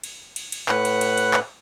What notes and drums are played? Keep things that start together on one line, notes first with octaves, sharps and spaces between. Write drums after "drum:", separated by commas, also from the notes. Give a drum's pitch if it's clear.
drum: cymbal
drum: cymbal
drum: cymbal
A2 B4 F#5 F#6, drum: clap
drum: cymbal
drum: cymbal
drum: cymbal
drum: clap